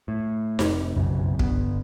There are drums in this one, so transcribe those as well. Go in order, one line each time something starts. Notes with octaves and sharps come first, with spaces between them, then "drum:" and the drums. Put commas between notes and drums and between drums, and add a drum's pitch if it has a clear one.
A2
F1, drum: snare D#4
F1 B1 F#2 C#3
G1 B3, drum: kick